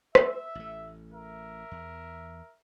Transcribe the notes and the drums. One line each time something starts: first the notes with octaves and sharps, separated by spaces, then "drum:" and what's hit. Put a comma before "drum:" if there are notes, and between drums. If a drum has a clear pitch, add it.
E5, drum: rim click
A1 A3
A#4 E5
E2